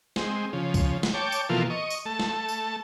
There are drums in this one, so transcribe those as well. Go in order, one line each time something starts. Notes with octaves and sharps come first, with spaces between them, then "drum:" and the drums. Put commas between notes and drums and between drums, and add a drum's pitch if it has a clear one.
G#3 C4, drum: snare
C#3 F3
drum: kick, tambourine
drum: snare
C#5 G5 A5 D6
drum: tambourine
B2 E3 F3 A#3 F4 A4
D#5 C#6
drum: tambourine
A3 A5
drum: snare
drum: tambourine